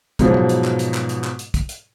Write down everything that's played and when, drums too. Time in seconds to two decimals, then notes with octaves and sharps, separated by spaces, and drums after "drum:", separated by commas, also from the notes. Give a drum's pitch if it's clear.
0.19 G#2 B2 F3 F#3, drum: kick, hi-hat
0.34 drum: tom
0.49 drum: hi-hat
0.64 drum: clap
0.79 drum: hi-hat
0.94 drum: clap
1.09 drum: hi-hat
1.24 drum: clap
1.39 drum: hi-hat
1.54 drum: kick, hi-hat
1.69 drum: hi-hat